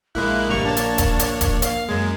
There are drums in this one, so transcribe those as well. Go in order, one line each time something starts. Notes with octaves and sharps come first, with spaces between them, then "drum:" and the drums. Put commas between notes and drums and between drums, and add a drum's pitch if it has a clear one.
A#1 G#3 A#3 E4 F#6
G1 G3 A#3 C#6 F7
D4 C#5 A5
drum: hi-hat
drum: kick D#1, hi-hat
drum: hi-hat
drum: kick D#1, hi-hat
F5, drum: hi-hat
F#2 G#3 G#6